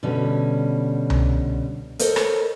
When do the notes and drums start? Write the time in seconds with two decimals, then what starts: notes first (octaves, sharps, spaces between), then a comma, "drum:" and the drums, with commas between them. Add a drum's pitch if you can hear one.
0.03 B2 D3 G3 C#4
1.10 drum: tom C2
1.99 A4 A#4 C5 C#5 D#5, drum: hi-hat
2.16 drum: rim click